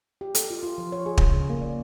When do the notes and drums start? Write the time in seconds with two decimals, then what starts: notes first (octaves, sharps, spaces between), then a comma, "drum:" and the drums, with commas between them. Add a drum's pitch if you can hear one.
0.21 G4
0.35 A4, drum: hi-hat
0.51 F4
0.63 F4
0.78 F3
0.92 C#5
1.06 G#4
1.18 C#3, drum: kick
1.33 C#3
1.50 A#3
1.62 D5